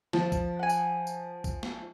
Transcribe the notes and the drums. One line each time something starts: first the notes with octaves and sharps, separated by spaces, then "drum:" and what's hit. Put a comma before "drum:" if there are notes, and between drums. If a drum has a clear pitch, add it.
F3 A5, drum: snare
drum: kick B1, tambourine
F#5 G#5
drum: tambourine
drum: tambourine
drum: kick B1, tambourine
drum: snare